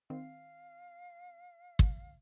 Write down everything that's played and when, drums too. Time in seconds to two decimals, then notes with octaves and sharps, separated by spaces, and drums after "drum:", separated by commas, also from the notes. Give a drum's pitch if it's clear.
0.10 D#3 C4 F5
1.79 drum: kick